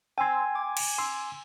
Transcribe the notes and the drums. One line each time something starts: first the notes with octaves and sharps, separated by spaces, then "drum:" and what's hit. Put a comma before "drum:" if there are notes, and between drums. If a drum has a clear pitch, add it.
C4 G5 G#5 C6 E6 G#6
G#5 D6
drum: cymbal
C6 E6